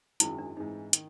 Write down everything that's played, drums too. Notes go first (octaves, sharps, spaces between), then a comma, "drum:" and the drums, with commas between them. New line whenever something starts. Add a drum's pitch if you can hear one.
G#1 F#2 D#3 G#3 E4, drum: hi-hat
D4
G#2 E3 G#3 C4 D#4
D#3, drum: hi-hat